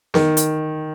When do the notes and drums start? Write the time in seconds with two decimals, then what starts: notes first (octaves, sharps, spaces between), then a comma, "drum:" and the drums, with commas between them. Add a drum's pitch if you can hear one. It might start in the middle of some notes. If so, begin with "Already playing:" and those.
0.14 D#3, drum: snare
0.37 drum: hi-hat